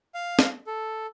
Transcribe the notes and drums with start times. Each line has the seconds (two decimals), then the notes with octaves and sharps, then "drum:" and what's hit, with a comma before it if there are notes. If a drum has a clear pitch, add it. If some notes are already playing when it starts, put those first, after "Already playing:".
0.15 F5
0.39 drum: snare
0.67 A4